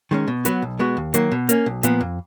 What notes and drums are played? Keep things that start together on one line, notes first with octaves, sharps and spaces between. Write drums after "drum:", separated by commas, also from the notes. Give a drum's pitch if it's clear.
D#3 G#3 C#4
B2
F#3 B3 F#4 B4, drum: hi-hat
B1
B2 G#3 B3 F#4
D#2
D#3 F#3 A#3, drum: hi-hat
B2
A#3 C#4, drum: hi-hat
B1
A#2 F3 B3, drum: hi-hat
F2